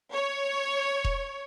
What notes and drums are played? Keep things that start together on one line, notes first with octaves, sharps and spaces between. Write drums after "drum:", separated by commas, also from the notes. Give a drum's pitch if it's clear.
C#5
drum: kick E1